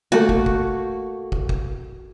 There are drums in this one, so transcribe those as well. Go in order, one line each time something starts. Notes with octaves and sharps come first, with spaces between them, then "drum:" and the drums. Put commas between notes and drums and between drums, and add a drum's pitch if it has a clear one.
A3 A#3 F#4
drum: kick
drum: kick
drum: kick
drum: kick